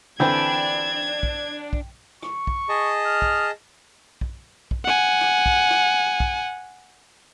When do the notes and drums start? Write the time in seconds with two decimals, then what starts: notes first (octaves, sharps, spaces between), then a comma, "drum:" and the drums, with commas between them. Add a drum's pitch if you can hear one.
0.20 D3 E3 C4 D4 G5 B5 G#6
1.23 drum: kick
1.73 drum: kick
2.22 C#6, drum: rim click
2.47 drum: kick
2.69 G#4 D#5 A5
3.06 F6
3.22 drum: kick
4.21 drum: kick
4.71 drum: kick
4.85 F#5 G#5
5.21 drum: rim click
5.46 drum: kick
5.71 drum: rim click
6.20 drum: kick